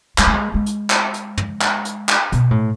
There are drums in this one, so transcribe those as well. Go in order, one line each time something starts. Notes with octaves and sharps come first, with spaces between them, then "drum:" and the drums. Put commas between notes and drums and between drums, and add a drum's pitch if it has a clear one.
G#3, drum: clap
A3
G#3
G#3
drum: hi-hat
drum: clap
drum: hi-hat
drum: tom
drum: clap
drum: hi-hat
drum: clap
B2, drum: hi-hat
A2